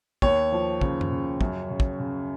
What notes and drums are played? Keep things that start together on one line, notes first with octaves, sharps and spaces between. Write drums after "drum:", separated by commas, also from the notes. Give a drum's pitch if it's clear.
D#2 C#5, drum: kick
F3
C#3, drum: kick
drum: tom F#2
C#3
F#2, drum: kick
C#3
drum: kick
C#3